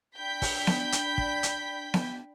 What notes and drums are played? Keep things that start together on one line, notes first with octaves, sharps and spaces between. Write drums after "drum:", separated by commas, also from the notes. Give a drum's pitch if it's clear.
D4 G5 B5 G6 B6
drum: kick, open hi-hat
drum: snare B3
drum: hi-hat
drum: kick
drum: hi-hat
drum: snare B3